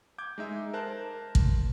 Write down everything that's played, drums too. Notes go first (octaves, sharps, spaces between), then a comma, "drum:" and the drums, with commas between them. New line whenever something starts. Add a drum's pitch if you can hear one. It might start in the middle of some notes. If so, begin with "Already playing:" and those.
D6 G6 G#6
G#3 D#4 E5
A#4 C5 A5 F#6
drum: kick